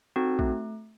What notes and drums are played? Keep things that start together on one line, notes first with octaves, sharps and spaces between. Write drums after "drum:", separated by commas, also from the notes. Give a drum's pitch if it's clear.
C4 D#4 F#4 A4
A3, drum: kick A#1